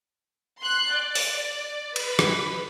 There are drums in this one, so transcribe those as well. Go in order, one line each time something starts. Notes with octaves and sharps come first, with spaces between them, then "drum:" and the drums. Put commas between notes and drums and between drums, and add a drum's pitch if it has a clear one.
C6 F#6
D5
drum: open hi-hat
B4, drum: cymbal
drum: rim click